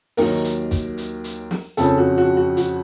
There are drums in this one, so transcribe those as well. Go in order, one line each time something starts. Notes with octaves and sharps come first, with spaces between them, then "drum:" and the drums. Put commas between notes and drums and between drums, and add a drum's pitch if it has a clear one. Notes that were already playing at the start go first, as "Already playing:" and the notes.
D#2 D#3 F#3 A#4, drum: open hi-hat
drum: hi-hat
drum: kick, hi-hat
drum: hi-hat
drum: hi-hat
drum: snare
F2 C#3 F3 A4, drum: hi-hat
F#4
F#4
F#4
F#4, drum: hi-hat